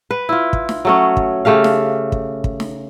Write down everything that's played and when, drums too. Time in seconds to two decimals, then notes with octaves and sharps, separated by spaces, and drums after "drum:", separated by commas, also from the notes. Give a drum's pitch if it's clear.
0.11 B4
0.29 E4 F4
0.53 drum: kick
0.69 drum: snare
0.85 F#3 A3 C#4
1.17 drum: kick
1.45 C#3 A3 G4 F5
1.64 drum: snare
2.12 drum: kick
2.44 drum: kick
2.60 drum: snare